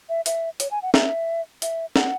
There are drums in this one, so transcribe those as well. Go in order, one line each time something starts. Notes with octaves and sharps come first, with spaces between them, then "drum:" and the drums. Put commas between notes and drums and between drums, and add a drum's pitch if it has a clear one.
E5
E5, drum: hi-hat
C#5, drum: hi-hat
G#5
F#5
E5, drum: snare
E5, drum: hi-hat
F#5, drum: snare